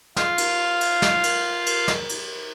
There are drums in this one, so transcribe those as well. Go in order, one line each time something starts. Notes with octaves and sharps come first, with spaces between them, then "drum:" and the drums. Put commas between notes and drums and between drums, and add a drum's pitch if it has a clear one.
F4 F5, drum: snare
drum: cymbal
drum: cymbal
drum: snare
drum: cymbal
drum: cymbal
drum: snare
drum: cymbal